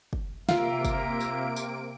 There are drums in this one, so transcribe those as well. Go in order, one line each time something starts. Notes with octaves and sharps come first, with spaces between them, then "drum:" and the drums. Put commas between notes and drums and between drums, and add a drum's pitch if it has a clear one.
drum: kick
C3 A#3 F4 E5 A#5 D7, drum: snare
drum: kick, tambourine
drum: tambourine
drum: tambourine